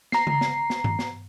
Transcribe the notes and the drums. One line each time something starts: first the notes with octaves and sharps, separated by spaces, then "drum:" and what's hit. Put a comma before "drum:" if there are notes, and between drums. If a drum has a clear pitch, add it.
A#5 C7, drum: snare
drum: tom C#3
drum: snare
drum: snare
drum: tom G2
drum: snare